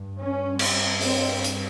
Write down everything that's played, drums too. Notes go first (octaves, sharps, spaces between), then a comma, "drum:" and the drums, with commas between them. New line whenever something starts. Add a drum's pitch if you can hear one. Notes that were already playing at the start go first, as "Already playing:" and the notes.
Already playing: G2
C#4
C4, drum: cymbal
C4, drum: open hi-hat
drum: hi-hat